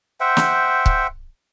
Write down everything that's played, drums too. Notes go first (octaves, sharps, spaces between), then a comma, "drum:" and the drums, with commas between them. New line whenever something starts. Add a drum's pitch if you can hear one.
C5 E5 F#5 G5
drum: snare
drum: kick